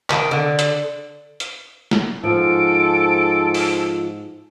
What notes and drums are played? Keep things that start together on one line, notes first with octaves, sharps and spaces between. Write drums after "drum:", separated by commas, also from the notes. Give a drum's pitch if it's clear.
D#3, drum: clap
D3
drum: hi-hat
drum: hi-hat
drum: snare
G#2 F3 A4 D7
drum: open hi-hat